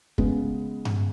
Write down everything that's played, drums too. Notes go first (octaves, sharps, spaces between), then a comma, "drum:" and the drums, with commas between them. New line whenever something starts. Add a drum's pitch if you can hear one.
C#3 G#3 B3, drum: kick
drum: tom G2